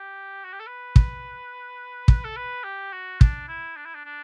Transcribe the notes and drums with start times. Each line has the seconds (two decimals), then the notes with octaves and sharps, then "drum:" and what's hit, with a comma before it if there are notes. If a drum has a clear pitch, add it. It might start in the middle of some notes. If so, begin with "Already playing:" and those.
Already playing: G4
0.44 F#4
0.53 G4
0.60 A4
0.67 B4
0.96 drum: kick
2.08 drum: kick
2.25 A4
2.36 B4
2.64 G4
2.92 F#4
3.21 D4, drum: kick
3.48 E4
3.76 D4
3.85 E4
3.95 D4
4.05 D4